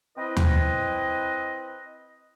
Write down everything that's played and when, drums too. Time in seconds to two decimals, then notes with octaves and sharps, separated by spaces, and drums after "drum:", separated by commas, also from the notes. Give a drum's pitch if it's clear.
0.17 C4 E4 B4 D#5
0.36 drum: tom D#2